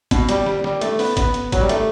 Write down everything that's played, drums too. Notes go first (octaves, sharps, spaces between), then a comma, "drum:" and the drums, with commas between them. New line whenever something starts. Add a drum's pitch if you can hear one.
B2, drum: kick, hi-hat
G3, drum: hi-hat
G3, drum: snare
G3, drum: snare
A3, drum: hi-hat
B3, drum: open hi-hat
B3, drum: kick, hi-hat
drum: hi-hat
F#3, drum: kick, hi-hat
G3
A3, drum: hi-hat